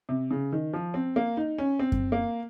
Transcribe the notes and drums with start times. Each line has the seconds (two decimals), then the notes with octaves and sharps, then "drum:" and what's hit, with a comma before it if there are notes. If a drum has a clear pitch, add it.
0.09 C3
0.31 C#3
0.52 D#3
0.73 F3
0.94 C4
1.16 A#3
1.37 D#4
1.58 C#4
1.79 C4
1.92 drum: kick F#2
2.12 A#3